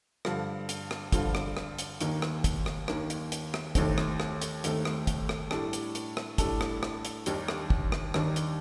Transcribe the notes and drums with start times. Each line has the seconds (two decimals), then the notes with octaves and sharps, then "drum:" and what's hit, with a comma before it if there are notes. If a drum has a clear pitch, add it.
0.25 G2 D3 F3, drum: rim click
0.69 drum: hi-hat
0.91 drum: rim click
1.12 G2 D3 F3, drum: kick, hi-hat
1.35 drum: rim click
1.57 drum: rim click
1.79 drum: hi-hat
2.00 D#2 D#3 A#3, drum: hi-hat
2.22 drum: rim click
2.44 drum: kick, hi-hat
2.66 drum: rim click
2.88 D#2 D#3 A#3, drum: rim click
3.10 drum: hi-hat
3.32 drum: hi-hat
3.54 drum: rim click
3.75 D#2 D#3 A3 C4, drum: kick, hi-hat
3.98 drum: rim click
4.20 drum: rim click
4.42 drum: hi-hat
4.64 D#2 D#3 A3 C4, drum: hi-hat
4.85 drum: rim click
5.07 drum: kick, hi-hat
5.29 drum: rim click
5.51 A2 G3 D4 A4, drum: rim click
5.73 drum: hi-hat
5.95 drum: hi-hat
6.17 drum: rim click
6.38 A2 G3 D4 A4, drum: kick, hi-hat
6.61 drum: rim click
6.83 drum: rim click
7.05 drum: hi-hat
7.26 D#2 D#3 G3 D4, drum: hi-hat
7.48 drum: rim click
7.70 drum: kick
7.92 drum: rim click
8.14 D#2 D#3 G3 D4, drum: rim click
8.36 drum: hi-hat